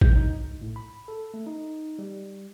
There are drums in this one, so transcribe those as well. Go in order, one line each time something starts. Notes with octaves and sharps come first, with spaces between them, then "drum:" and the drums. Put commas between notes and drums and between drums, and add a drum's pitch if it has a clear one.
G6, drum: kick A1
D#4
C2
A2
B5
A4
A3
D#4
G3